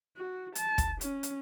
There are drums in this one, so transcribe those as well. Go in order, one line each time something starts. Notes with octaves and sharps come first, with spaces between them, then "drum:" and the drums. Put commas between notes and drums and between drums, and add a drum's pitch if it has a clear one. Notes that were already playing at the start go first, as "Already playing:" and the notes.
F#4
A5, drum: hi-hat
drum: kick, hi-hat
C#4, drum: hi-hat
drum: hi-hat